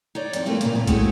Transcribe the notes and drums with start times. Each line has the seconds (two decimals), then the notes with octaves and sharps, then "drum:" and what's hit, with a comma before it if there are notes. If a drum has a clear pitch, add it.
0.15 D#4 C#5 D5
0.33 F2 C4, drum: hi-hat
0.46 E3 A3 A#3 C4 F4
0.61 A#2 C#3 A#3, drum: hi-hat
0.75 E2
0.87 C#3 G#3 A3 C4 E4 F#4, drum: kick B1, hi-hat